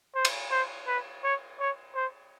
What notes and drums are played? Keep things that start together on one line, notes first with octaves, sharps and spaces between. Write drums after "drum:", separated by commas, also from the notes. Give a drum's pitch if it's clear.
C5
drum: cymbal
C5
B4
C#5
C#5
C5